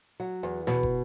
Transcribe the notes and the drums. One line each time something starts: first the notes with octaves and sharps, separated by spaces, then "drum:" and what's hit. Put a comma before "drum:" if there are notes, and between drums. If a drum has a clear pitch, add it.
F#3
E2
B2, drum: snare
drum: kick